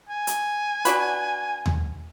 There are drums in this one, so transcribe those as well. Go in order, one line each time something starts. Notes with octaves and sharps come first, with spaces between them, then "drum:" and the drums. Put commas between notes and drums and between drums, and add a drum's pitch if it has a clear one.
G#5
drum: hi-hat
D4 F#4 B4, drum: hi-hat
drum: tom D#2